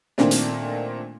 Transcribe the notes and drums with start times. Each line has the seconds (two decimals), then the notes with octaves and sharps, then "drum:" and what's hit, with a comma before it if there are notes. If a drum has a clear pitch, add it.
0.18 A#2 D#3 A3 A#3 C4 D4, drum: snare
0.31 drum: hi-hat